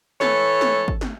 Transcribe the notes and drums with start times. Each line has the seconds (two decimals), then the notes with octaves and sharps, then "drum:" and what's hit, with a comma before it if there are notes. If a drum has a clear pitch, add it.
0.21 E3 A4 C#5, drum: snare
0.61 drum: snare
0.88 drum: kick G#1
1.01 drum: snare